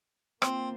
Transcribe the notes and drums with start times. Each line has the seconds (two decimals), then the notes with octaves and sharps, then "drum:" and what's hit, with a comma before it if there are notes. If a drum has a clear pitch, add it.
0.42 A#3 C4 F4 C5, drum: rim click